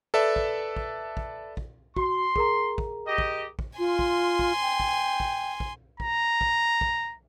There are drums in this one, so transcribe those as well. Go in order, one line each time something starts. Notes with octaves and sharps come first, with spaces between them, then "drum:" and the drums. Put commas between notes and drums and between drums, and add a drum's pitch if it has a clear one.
A4 B4 D5 E5 A5
drum: kick
drum: kick
drum: kick
drum: kick
F#4 C6, drum: kick
G#4 A#4 A#5, drum: kick
drum: kick
G4 D#5
drum: kick
drum: kick
F4 G#5 C6
drum: kick
drum: kick
G5
drum: kick
drum: kick
drum: kick
A#5, drum: kick
drum: kick
drum: kick